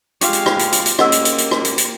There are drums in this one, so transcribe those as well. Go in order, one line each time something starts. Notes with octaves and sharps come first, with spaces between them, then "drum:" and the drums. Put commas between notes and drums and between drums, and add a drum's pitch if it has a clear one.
G#3 F4 G4 F5 C#6, drum: hi-hat
drum: hi-hat
drum: rim click
drum: hi-hat
drum: hi-hat
drum: hi-hat
A#3 C#4 G#4 A#4 D#5 F#5 E6, drum: rim click
drum: hi-hat
drum: hi-hat
drum: hi-hat
drum: rim click
drum: hi-hat
drum: hi-hat